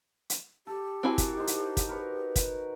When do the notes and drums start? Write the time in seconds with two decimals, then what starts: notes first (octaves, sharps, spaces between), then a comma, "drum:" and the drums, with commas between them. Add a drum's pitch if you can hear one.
0.30 drum: hi-hat
0.67 G4 A4
1.03 C4 E4 F#4 A4 A#4 G#5
1.18 drum: kick, hi-hat
1.37 D#4 C5
1.47 drum: hi-hat
1.77 drum: kick, hi-hat
1.89 A#4 B4 C#5
2.36 drum: kick, hi-hat